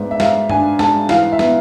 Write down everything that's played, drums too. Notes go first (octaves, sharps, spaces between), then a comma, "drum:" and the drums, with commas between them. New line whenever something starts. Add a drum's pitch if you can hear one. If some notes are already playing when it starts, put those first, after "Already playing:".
Already playing: G#2 B3 D4 D5 E5
E5
G#2 F5, drum: snare
D4 G#5, drum: tom G2
G#2 A5, drum: snare
E3 F5, drum: snare
E5
B3, drum: snare